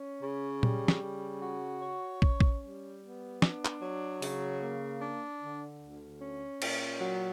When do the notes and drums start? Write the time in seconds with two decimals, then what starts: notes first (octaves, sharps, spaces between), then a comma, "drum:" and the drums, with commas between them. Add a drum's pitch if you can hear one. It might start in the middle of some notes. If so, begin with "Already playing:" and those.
Already playing: C#4
0.23 C#3
0.63 G3, drum: tom A#2
0.88 drum: snare
1.03 C#3
1.42 F#4
1.82 C#5
2.22 C#4, drum: kick
2.40 drum: kick
2.62 G3
3.02 B3
3.42 D4, drum: snare
3.65 drum: clap
3.82 F#3
4.22 C#3, drum: open hi-hat
4.62 A#3
5.02 D4
5.42 D3
5.81 D2
6.21 C#4
6.62 A#2, drum: cymbal
7.01 F#3